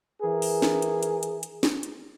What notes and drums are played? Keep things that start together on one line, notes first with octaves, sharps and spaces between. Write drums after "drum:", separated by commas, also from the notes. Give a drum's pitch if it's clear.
E3 G#4 A#4
drum: open hi-hat
drum: snare
drum: hi-hat
drum: hi-hat
drum: hi-hat
drum: hi-hat
drum: snare
drum: hi-hat